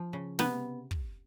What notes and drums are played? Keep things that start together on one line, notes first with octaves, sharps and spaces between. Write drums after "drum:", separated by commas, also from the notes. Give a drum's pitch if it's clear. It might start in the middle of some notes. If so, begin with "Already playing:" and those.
Already playing: F3
C#3
C3 B3, drum: snare
drum: kick